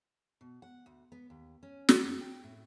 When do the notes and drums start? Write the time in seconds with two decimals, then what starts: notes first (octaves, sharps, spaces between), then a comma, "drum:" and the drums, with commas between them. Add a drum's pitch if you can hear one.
0.41 B2
0.62 F#5
0.86 D2
1.12 B3
1.30 D#2
1.63 C#4
1.89 drum: snare
2.03 F2
2.21 G5
2.44 A2